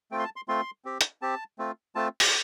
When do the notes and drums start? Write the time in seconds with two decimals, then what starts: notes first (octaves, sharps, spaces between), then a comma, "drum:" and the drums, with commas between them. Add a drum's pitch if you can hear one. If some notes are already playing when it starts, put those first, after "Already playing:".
0.11 A3 C4 F4 G5
0.19 C6
0.24 A5
0.36 C6
0.48 A3 C4 F4 C6
0.85 C4 G4
1.01 drum: hi-hat
1.22 C4 G4 A5
1.59 A3 C4 F4
1.95 A3 C4 F4 A5
2.20 drum: open hi-hat